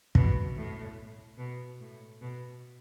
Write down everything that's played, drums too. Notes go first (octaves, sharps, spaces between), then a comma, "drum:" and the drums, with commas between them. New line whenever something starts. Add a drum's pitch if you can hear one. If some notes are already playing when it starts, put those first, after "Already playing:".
B2, drum: kick
A2
B2
A2
B2